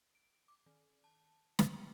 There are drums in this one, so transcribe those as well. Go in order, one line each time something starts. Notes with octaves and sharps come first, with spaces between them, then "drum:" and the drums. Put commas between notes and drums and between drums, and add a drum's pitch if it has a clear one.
D7
D6
D#3
A5
G5, drum: snare